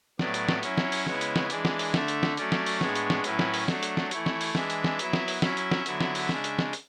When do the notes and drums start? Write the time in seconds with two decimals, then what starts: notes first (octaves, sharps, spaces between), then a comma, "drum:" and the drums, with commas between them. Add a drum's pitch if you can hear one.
0.19 A2 F#3 B3 D5, drum: snare
0.34 drum: hi-hat
0.49 drum: snare
0.63 F#3 C#4 E4 C#5, drum: hi-hat
0.78 drum: snare
0.92 drum: open hi-hat
1.07 C#3 G#3 B3 E4 C#5, drum: snare
1.21 drum: hi-hat
1.36 drum: snare
1.50 E3 G#3 D4 D5, drum: hi-hat
1.65 drum: snare
1.79 drum: open hi-hat
1.94 D3 A3 D4 E5, drum: snare
2.08 drum: hi-hat
2.23 drum: snare
2.37 F#3 A3 C#4 D5, drum: hi-hat
2.52 drum: snare
2.66 drum: open hi-hat
2.81 A2 G#3 B3 D4 C#5, drum: snare
2.95 drum: hi-hat
3.10 drum: snare
3.24 A2 F#3 C#4 E4 B4, drum: hi-hat
3.39 drum: snare
3.54 drum: open hi-hat
3.68 F#3 A3 D4 A4, drum: snare
3.83 drum: hi-hat
3.97 drum: snare
4.11 E3 A3 E4 C#5, drum: hi-hat
4.26 drum: snare
4.41 drum: open hi-hat
4.55 E3 G#3 D4 E5, drum: snare
4.70 drum: hi-hat
4.84 drum: snare
4.99 F#3 B3 E4, drum: hi-hat
5.13 drum: snare
5.28 drum: open hi-hat
5.42 F#3 C#4 E4 E5, drum: snare
5.57 drum: hi-hat
5.71 drum: snare
5.86 D3 F#3 B3 E4, drum: hi-hat
6.01 drum: snare
6.15 drum: open hi-hat
6.29 C#3 G#3 D4, drum: snare
6.44 drum: hi-hat
6.59 drum: snare
6.73 drum: hi-hat